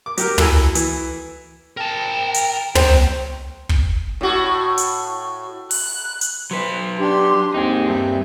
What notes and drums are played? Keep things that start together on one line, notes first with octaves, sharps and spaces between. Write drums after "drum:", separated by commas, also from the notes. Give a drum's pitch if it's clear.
D6
F#3 G4 A#4, drum: hi-hat
F#3 E4 A4 G#5 E6, drum: tom
E3, drum: hi-hat
A#4 G5 A5
drum: hi-hat
B2 F#3 C5 G5, drum: tom
drum: kick
A2 F#4
drum: hi-hat
F#6, drum: open hi-hat
drum: hi-hat
F#3 B4 C5
D4 G4 C6
D#2 C4 D#4 G#4
G2 E5